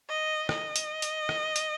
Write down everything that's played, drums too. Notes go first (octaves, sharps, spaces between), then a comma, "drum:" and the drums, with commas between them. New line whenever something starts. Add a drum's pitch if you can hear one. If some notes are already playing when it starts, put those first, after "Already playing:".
D#5
D#5, drum: rim click
drum: hi-hat
drum: hi-hat
drum: rim click
drum: hi-hat